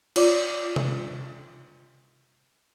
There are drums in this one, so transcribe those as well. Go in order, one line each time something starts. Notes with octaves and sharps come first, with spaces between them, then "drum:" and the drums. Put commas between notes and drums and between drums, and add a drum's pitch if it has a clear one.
F4 C#5 D5 D6, drum: cymbal
drum: tom C3